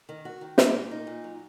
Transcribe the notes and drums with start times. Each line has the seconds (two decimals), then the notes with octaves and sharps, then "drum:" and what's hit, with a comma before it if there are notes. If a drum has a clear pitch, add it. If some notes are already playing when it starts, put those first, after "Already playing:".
0.09 D#3
0.25 F#4
0.41 D#3
0.58 A#3, drum: snare
0.74 A#2
0.91 D#4
1.07 A#2
1.24 F#3